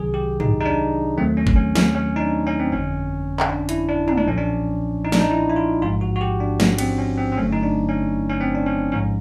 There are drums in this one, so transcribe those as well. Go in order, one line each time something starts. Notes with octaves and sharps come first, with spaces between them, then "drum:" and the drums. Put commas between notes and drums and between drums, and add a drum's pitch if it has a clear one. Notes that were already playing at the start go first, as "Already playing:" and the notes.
Already playing: C2 C3 D#3 F#3 G#4
G4
D#4, drum: tom
D#4
D4
D#2 D#3 F#3 A3 C4
C#4
drum: kick G1
C#4
C#4, drum: snare
C#4
D#4
D4
C#4
C4
G1 F2 D3 G3 C#4
drum: clap
D4
E4, drum: hi-hat
D4
D#4, drum: tom
D4
B1 A#2 F3 C#4
D4
D#4
D4, drum: snare
D#4
E4
E4
F4
A1 G#2 F3 F4
F#4
F#4
G4
D4
C#4, drum: snare
C4, drum: cymbal
C#4
C4
C4
G1 G2 D3 F#3 A3 C#4
D#4
D4
C#4
C#4
C4
D4
C#4
A1 G#2 F3 C#4